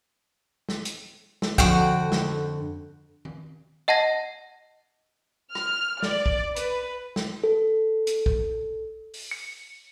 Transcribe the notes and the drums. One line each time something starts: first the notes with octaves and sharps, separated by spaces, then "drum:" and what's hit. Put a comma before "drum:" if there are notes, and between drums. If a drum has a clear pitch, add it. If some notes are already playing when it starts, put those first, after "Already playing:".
drum: snare
drum: hi-hat
drum: snare
F2 D3 F#4 F#5 G5, drum: kick
drum: snare
drum: tom D#3
D#5 F#5 A5 G#6 A#6
F6, drum: rim click
D5, drum: snare
drum: kick
B4, drum: hi-hat
drum: snare
A4
drum: hi-hat
drum: kick
drum: open hi-hat
C#7